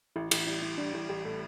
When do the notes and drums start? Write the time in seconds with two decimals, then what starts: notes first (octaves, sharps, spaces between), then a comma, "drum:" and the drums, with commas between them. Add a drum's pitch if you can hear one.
0.16 A1 E4
0.31 A1 E4, drum: cymbal
0.47 G3 E4
0.63 G3 E4
0.78 G3 D4
0.94 A1 E4
1.09 A1 G4
1.25 A2 A4